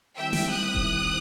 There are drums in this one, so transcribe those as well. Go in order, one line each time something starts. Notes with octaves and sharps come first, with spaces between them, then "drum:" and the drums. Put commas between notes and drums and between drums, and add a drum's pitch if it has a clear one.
D#3 G3 C4 E4 E5 G5
drum: snare
D#6 F#6
drum: kick D#1